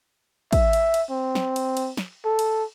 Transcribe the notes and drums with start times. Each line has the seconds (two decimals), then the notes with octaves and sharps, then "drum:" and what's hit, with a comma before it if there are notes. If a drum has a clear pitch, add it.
0.53 E5, drum: kick, cymbal
0.73 drum: cymbal
0.94 drum: cymbal
1.10 C4
1.35 drum: snare
1.56 drum: cymbal
1.77 drum: cymbal
1.97 drum: snare
2.25 A4
2.39 drum: cymbal